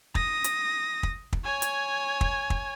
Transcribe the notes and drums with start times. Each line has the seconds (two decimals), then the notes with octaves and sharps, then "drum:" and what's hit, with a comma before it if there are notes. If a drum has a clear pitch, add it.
0.15 D#6 A#6, drum: kick
0.44 drum: hi-hat
1.03 drum: kick
1.33 drum: kick
1.45 C#5 G#5
1.62 drum: hi-hat
2.21 drum: kick
2.50 drum: kick